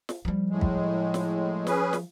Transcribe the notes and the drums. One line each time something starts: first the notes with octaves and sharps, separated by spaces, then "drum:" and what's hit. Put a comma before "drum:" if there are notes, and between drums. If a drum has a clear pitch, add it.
drum: snare
F3 G3
A2 G#3
drum: kick
drum: snare
C#4 G#4 B4, drum: snare
drum: snare